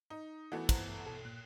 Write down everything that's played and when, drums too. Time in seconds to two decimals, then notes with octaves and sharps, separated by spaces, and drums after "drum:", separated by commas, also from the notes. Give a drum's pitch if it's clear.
0.10 D#4
0.52 E3 A3 B3 F#4 F#5 G#5
0.69 C5 F#5 A#5, drum: kick, cymbal
1.06 B2 A4
1.25 A#2 F#6